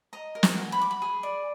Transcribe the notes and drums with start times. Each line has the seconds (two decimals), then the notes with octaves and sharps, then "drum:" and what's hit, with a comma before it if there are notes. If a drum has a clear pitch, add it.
0.13 D#5 A#5
0.35 A#4
0.43 G#5, drum: snare
0.57 F#4
0.72 B5
0.79 F#4 D6
0.91 B5
1.02 G#4
1.23 D5